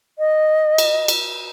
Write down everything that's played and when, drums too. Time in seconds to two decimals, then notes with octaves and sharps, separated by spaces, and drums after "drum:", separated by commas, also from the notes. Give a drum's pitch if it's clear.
0.18 D#5
0.78 drum: cymbal
1.08 drum: cymbal